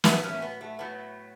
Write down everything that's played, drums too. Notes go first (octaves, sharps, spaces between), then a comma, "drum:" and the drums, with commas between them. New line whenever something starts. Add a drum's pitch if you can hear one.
A2 F#3 A3 B3 E4, drum: snare
A3 C#4
B3
A3
A2 F#3 A3 B3